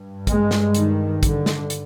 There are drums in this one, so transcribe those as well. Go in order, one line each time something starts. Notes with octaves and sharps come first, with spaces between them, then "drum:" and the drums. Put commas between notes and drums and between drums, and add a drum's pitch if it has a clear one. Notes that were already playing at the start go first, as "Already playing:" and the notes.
Already playing: G2
G#3, drum: kick, hi-hat
drum: snare
D#3, drum: hi-hat
D3, drum: kick, hi-hat
drum: snare
drum: hi-hat